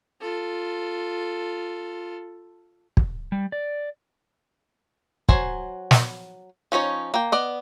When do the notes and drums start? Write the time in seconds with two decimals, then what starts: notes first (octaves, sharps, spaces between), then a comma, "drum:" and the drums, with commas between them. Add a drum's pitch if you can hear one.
0.21 F4 A4
2.97 drum: kick
3.32 G3
3.52 D5
5.29 F#3 C5 G#5, drum: kick
5.91 drum: snare
6.72 F3 C#4 D#4 C#5
7.14 A#3 G5
7.32 B3 D5 D#5